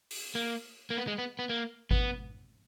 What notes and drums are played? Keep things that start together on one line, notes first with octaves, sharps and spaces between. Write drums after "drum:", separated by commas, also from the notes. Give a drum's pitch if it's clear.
drum: open hi-hat
A#3
A#3
B3
G#3
B3
B3
A#3
B3, drum: kick G#1